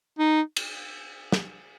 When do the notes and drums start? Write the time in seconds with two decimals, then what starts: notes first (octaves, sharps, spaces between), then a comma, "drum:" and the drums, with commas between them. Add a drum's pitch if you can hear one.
0.18 D#4
0.57 drum: cymbal
1.32 drum: snare